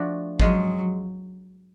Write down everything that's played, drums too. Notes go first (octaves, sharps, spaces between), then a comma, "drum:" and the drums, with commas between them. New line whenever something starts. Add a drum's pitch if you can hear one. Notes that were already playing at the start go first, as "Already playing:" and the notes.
Already playing: F3 A3 D4 F#4
F3 F#3 G#3 C#4 G#4, drum: kick G#1